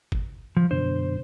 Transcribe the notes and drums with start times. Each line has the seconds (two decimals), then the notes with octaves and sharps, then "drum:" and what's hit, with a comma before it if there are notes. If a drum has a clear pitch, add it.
0.12 drum: kick F#1
0.57 F3
0.71 F#2 B2 D3 C5